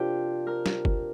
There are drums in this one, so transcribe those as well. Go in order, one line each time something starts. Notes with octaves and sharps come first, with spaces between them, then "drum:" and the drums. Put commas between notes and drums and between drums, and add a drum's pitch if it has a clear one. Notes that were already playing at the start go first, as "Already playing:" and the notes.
Already playing: C3 F3 D4 F4 G4 A#4 C5
A#4
drum: snare
drum: kick G1